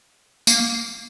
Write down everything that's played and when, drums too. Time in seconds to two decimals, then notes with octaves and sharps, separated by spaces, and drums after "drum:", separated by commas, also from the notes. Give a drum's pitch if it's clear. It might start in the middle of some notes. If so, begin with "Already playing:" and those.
0.47 A#3, drum: tambourine